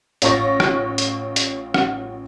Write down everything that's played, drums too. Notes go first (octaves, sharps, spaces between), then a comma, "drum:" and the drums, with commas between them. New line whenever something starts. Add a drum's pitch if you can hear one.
A1 F4 C#5 C#6 A6 A#6, drum: hi-hat
drum: rim click
drum: hi-hat
drum: hi-hat
drum: rim click